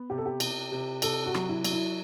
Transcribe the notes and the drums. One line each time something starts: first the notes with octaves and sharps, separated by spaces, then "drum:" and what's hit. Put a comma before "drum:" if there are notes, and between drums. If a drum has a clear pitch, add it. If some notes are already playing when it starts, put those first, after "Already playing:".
Already playing: B3
C3 G4
A4
G4
C3, drum: cymbal
C3
C3 A4, drum: cymbal
F#4
F#3, drum: rim click
E4
F#3, drum: cymbal
E4